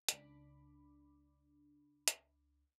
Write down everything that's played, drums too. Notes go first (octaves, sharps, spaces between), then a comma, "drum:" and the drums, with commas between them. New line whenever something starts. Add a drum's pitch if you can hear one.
C#2 D4 B5 D6, drum: hi-hat
drum: hi-hat